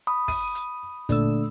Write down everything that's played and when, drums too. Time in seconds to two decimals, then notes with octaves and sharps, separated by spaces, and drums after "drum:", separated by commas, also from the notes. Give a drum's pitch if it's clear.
0.07 B5 D#6
0.28 D#7, drum: kick, open hi-hat
0.55 drum: hi-hat
1.09 A#2 D3 A3 D5 E6, drum: kick, hi-hat